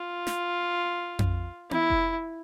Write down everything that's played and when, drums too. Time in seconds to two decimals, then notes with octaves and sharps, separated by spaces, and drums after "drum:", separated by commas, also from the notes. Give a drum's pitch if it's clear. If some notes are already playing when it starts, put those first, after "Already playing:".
Already playing: F4
0.27 drum: snare
1.19 drum: tom F2
1.71 E4, drum: tom B3
1.90 drum: kick F1